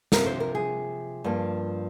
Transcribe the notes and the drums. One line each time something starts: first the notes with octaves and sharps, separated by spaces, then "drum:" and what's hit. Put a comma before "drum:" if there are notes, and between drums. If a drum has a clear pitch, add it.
C3 F3 A#3 A#4, drum: snare
C5
A#4
G#4
G2 F3 A#3